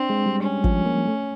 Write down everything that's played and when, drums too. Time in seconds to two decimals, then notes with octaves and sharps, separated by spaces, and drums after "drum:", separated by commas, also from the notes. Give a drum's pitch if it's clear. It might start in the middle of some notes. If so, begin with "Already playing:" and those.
Already playing: C4 D4
0.10 G#3
0.26 G3
0.43 C#4
0.64 F3, drum: kick
0.85 A#3
1.07 A3